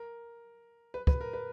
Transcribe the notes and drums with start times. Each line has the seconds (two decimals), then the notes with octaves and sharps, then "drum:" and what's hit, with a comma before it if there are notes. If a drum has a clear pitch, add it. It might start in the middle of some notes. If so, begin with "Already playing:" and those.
Already playing: A#4
0.94 B4
1.07 B4, drum: kick
1.21 A#4
1.33 B4